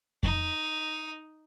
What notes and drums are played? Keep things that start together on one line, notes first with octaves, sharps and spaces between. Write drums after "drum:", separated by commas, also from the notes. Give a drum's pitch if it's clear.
D#4, drum: kick F2